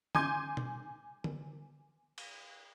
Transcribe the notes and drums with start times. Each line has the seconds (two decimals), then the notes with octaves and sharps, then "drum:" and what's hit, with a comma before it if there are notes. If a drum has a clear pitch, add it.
0.15 G#5 C6 D6 G6 G#6, drum: tom D3
0.57 drum: tom B2
1.24 drum: tom D3
2.18 drum: cymbal